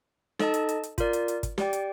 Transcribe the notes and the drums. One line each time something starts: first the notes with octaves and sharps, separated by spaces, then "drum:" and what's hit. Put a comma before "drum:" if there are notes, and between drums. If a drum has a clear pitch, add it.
D#4 A4 D#5 A5, drum: snare
drum: hi-hat
drum: hi-hat
drum: hi-hat
F4 A#4 D5, drum: kick, hi-hat
drum: hi-hat
drum: hi-hat
drum: kick, hi-hat
G4 D5 G5, drum: snare
drum: hi-hat